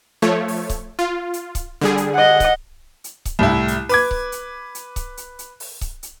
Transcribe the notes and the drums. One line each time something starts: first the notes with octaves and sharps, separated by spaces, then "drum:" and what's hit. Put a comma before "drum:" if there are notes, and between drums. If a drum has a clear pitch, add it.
F3 A3 C#5
drum: open hi-hat
drum: kick C#1, hi-hat
F4
drum: hi-hat
drum: kick C#1, hi-hat
D3 G3 G#4
drum: hi-hat
D#5 F#5
drum: kick C#1, hi-hat
drum: hi-hat
drum: kick C#1, hi-hat
C2 A2 E4
drum: hi-hat
B4 D6 G#6, drum: open hi-hat
drum: kick C#1
drum: hi-hat
drum: hi-hat
drum: kick C#1, hi-hat
drum: hi-hat
drum: hi-hat
drum: open hi-hat
drum: kick C#1, hi-hat
drum: hi-hat